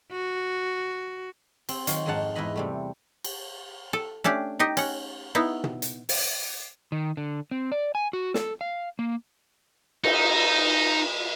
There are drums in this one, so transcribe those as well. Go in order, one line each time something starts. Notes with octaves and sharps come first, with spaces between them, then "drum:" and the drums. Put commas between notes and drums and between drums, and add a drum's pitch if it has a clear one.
F#4
C4, drum: cymbal
D#3 F#3 F4 C#5 G#5 C6, drum: hi-hat
F2 G#2 G#3 D#4 F#5 A5
E2 G#2 E4 B4 D#5 B5
C3 G3 A3
drum: cymbal
A4
A3 C#4 D4 G4
D#4 G4 D#5
C#4 F#5, drum: cymbal
B3 D#4 E4
drum: tom
drum: hi-hat
drum: open hi-hat
D#3
D3
C4
D5
G#5
F#4
A4, drum: snare
F5
A#3
D#4, drum: cymbal